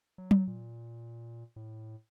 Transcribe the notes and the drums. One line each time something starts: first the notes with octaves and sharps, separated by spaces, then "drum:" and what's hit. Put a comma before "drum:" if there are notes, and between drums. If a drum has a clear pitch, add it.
F#3
drum: tom F#3
A#2
A2